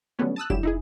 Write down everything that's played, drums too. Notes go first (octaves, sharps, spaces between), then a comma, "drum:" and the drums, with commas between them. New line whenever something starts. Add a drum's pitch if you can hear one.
D3 F#3 G3 A3 B3 C#4
A5 D#6 E6 F#6
G#1 D3 F#3 E4 G4 E7, drum: kick F1
D#4 E4 G#4